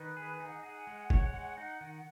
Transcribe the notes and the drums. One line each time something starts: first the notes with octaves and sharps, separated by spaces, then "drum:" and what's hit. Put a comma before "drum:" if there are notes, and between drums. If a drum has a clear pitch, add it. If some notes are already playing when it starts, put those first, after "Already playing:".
Already playing: D#3 D#4 B4
G#4
D#4 G#5
F#5
D#5
G#4 F#5
G#3
C#5, drum: kick
G#3
D#4
D#3